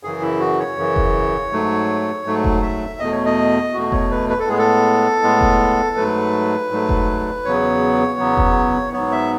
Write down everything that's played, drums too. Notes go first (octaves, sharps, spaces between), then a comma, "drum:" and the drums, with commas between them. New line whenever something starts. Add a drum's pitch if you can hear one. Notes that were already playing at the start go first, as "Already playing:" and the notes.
F#2 C#3 E3 G#4
E4
F#4
C#5
F#2 C#3 E3
drum: kick F1
G#2 F#3 A3
G#2 F#3 A3
drum: kick F1
E5
E2 B2 A3 D#5
C#5
D#5
E2 B2 A3 F#4
C#5, drum: kick F1
B4
B4
A4
A2 G#3 B3 G#4
A4
A2 G#3 B3
drum: kick F1
G#2 F#3 A3 B4
G#2 F#3 A3
drum: kick F1
E2 C#3 F#3 B3 C#5
E2 C#3 F#3 B3
drum: kick F1
G#2 F#3 B3 C#5
E5